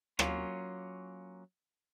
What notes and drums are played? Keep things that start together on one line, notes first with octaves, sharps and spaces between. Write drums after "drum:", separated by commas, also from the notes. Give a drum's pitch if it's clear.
F#3 A#3 C#4 F4, drum: rim click